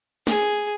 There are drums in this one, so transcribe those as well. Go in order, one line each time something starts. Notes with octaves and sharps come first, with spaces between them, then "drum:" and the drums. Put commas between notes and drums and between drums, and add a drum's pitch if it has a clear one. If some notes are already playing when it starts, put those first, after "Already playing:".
G#4, drum: snare